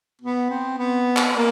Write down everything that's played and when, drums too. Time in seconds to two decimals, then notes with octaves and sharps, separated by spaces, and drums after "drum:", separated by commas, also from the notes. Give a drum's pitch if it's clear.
0.21 B3
0.50 C4
0.78 B3
1.17 drum: clap
1.35 A#3